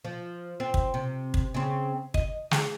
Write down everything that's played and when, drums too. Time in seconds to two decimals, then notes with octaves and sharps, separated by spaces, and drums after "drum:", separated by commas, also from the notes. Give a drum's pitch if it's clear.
0.05 F3
0.60 C4
0.74 drum: kick
0.94 C3
1.34 drum: kick
1.54 C#3 C4
2.14 D#5, drum: kick
2.51 G#4, drum: snare